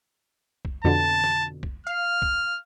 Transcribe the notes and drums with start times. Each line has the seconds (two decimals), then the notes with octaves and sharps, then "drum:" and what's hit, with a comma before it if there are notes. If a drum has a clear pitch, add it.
0.65 drum: kick
0.84 F2 B2 D3 A5
1.24 drum: snare
1.63 drum: kick
1.87 F5 F6
2.22 drum: kick